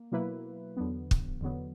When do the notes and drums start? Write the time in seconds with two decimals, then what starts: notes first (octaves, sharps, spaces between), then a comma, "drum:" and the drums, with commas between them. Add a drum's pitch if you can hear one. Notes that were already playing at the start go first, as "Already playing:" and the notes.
Already playing: A#3
0.12 B2 F#3 A#3 E4 B4
0.77 E2 D3 F#3 B3
1.11 drum: kick
1.41 E2 D3 F#3 B3